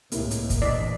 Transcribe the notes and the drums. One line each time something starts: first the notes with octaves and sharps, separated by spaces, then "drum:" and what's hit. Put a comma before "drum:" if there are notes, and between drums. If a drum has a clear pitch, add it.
C#2 A2 C3 A#3 E4, drum: hi-hat
drum: hi-hat
drum: kick, hi-hat
A#1 E2 A#2 D5 D#5 B6